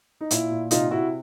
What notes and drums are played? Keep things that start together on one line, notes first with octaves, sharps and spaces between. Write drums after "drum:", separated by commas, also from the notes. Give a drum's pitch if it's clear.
D#4
A#2 E4, drum: hi-hat
A#2
C3 D#4 F4, drum: hi-hat
C3 E4 F#4